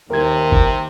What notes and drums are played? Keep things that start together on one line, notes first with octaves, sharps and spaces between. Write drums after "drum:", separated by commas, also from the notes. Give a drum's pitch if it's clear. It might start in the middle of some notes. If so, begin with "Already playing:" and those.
D#2 C3 A#4 G#6
drum: kick